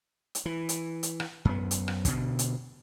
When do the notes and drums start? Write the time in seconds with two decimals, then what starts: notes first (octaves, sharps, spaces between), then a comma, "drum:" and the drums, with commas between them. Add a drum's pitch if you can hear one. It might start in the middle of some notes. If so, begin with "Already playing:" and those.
0.35 drum: hi-hat
0.46 E3
0.69 drum: hi-hat
1.03 drum: hi-hat
1.20 drum: rim click
1.45 F#2 B3
1.71 drum: hi-hat
1.88 drum: rim click
2.05 B2 D3, drum: kick, hi-hat
2.39 drum: hi-hat